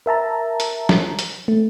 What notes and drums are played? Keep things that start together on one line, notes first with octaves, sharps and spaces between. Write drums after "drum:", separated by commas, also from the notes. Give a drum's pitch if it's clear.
A#4 E5 A5 A#5
drum: hi-hat
drum: snare
drum: hi-hat
A3